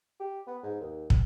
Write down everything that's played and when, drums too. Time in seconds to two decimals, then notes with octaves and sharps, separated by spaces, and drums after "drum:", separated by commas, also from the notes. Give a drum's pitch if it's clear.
0.20 G4
0.47 B3
0.63 G#2
0.80 D#2
1.10 drum: kick